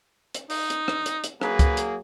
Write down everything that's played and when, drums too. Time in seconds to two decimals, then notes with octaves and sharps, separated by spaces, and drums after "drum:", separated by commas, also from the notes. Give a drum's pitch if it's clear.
0.35 drum: hi-hat
0.50 D#4, drum: open hi-hat
0.70 drum: hi-hat
0.88 drum: rim click
1.06 drum: hi-hat
1.24 drum: hi-hat
1.41 F#3 A#3 G#4 B4, drum: rim click
1.59 drum: kick C#2, hi-hat
1.77 drum: hi-hat